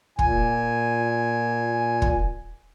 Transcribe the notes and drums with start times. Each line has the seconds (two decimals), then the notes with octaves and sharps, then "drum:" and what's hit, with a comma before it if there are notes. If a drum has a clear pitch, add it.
0.19 A#2 G#5, drum: kick
2.02 drum: kick